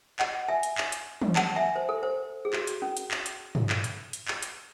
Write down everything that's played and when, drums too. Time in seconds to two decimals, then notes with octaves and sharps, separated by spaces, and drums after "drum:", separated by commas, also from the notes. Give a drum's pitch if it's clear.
0.19 D#5 F#5, drum: clap
0.48 E5 G#5
0.63 drum: hi-hat
0.78 drum: clap
0.92 drum: hi-hat
1.22 drum: tom
1.36 F#5 A5, drum: clap
1.56 E5 G#5
1.76 C5
1.89 A4
2.03 C5
2.45 G#4
2.53 F#4, drum: clap
2.67 drum: hi-hat
2.82 C#4
2.97 drum: hi-hat
3.11 drum: clap
3.26 drum: hi-hat
3.55 drum: tom
3.70 drum: clap
3.84 drum: hi-hat
4.13 drum: hi-hat
4.28 drum: clap
4.42 drum: hi-hat